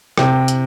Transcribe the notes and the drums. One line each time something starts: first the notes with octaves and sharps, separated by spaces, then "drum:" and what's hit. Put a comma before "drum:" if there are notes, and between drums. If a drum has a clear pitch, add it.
C3 G5, drum: rim click
drum: hi-hat